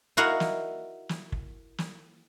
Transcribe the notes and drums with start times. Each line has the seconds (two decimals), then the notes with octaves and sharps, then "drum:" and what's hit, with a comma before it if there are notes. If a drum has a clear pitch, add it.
0.17 E4 F#4 A#4 D#5 F5 F#5
0.40 drum: snare
1.09 drum: snare
1.32 drum: kick
1.78 drum: snare